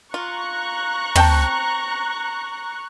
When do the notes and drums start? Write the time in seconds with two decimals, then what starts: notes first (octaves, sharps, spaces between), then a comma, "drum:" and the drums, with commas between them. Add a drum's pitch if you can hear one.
0.14 F4 A#5 C#6 F#6
1.15 C4 G5 A5, drum: tom